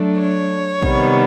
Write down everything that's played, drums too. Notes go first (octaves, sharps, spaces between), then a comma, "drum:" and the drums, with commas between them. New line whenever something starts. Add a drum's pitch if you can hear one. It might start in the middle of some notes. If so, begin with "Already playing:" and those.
Already playing: F#3 A3 D4
C#5
C3 D#3 G3 B3, drum: kick A#1